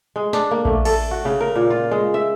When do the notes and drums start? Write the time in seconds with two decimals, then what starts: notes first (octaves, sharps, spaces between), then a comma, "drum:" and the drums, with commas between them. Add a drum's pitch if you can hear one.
0.16 G#3
0.33 D4, drum: snare
0.51 A#3
0.65 A3, drum: kick A#1
0.85 A4, drum: cymbal
1.11 F#4
1.25 C#3
1.41 A#4
1.56 A#2
1.70 F4
1.91 G#3
2.14 E5